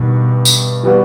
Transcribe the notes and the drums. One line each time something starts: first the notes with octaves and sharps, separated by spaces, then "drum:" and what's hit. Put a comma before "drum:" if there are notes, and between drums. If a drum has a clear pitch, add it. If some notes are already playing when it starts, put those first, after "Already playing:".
Already playing: G2 B2 D#3
drum: tambourine
E3 G3 B3 F#4